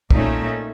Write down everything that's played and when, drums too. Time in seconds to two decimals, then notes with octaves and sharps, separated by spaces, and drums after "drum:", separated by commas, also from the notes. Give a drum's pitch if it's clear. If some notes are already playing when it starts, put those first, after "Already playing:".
0.11 A#2 A3 C#4 D#4, drum: kick